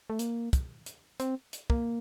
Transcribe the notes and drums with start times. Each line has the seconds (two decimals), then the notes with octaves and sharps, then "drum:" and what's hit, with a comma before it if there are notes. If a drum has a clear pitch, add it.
0.10 A3
0.19 A#3, drum: hi-hat
0.53 drum: kick, hi-hat
0.86 drum: hi-hat
1.20 C4, drum: hi-hat
1.53 drum: hi-hat
1.70 A#3, drum: kick